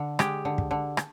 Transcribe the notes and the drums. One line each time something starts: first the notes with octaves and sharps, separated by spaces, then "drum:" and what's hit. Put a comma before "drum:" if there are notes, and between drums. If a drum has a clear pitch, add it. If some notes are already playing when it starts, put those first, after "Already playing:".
Already playing: D3
G#3 G4, drum: rim click
D3
drum: kick
D3
drum: rim click